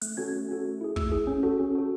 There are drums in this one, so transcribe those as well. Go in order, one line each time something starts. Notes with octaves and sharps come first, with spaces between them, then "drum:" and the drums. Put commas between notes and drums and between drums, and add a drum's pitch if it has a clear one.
A3 F#6, drum: hi-hat
C#4 F#4 A4 G#6
A3
C#4 F#4 A4
A3
E4 G#4
A3 E6, drum: kick
E4 G#4
C#4
F#4 A4
C#4
F#4 A4